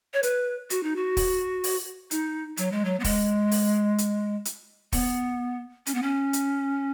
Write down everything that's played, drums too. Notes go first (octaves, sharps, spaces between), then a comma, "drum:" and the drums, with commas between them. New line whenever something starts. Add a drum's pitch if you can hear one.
C#5
B4, drum: hi-hat
F#4, drum: hi-hat
D#4
F#4
drum: kick, open hi-hat
drum: open hi-hat
D#4, drum: hi-hat
F#3, drum: hi-hat
G#3
F#3
B3
G#3, drum: kick, open hi-hat
drum: open hi-hat
drum: hi-hat
drum: hi-hat
B3, drum: kick, open hi-hat
C#4, drum: hi-hat
B3
C#4
drum: hi-hat